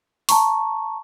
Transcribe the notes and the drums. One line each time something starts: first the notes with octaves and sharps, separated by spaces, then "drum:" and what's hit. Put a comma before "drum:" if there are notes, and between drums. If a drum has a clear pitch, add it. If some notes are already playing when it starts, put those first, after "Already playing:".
A5 A#5 C#6, drum: open hi-hat